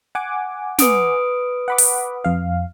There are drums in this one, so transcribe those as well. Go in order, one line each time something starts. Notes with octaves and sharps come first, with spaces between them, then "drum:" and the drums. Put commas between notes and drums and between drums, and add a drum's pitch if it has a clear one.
F#5 G#5 D6
B4 D#6 D7, drum: snare
F#5 B5 D6
drum: open hi-hat
F2 F5